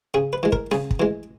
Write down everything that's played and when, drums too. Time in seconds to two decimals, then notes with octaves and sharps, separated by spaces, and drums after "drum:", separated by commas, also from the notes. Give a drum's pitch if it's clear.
0.14 C#3 G#4
0.33 B4
0.43 E3 G#3
0.52 A#4, drum: kick
0.71 C#3 G#4, drum: snare
0.91 drum: kick
1.00 E3 G#3